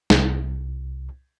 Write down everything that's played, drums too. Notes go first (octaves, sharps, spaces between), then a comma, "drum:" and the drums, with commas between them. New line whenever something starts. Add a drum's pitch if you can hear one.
C2, drum: snare